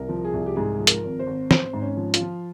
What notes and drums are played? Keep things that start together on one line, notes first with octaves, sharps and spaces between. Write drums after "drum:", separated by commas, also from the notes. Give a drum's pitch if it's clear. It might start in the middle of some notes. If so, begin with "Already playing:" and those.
Already playing: C2 A#4
F3
G#4
C2
G4
G#2 G#4
F3
A#4, drum: hi-hat
G#1
C5
G#1
G#1 C5, drum: snare
G#2
C#4
F3
F4, drum: hi-hat
F3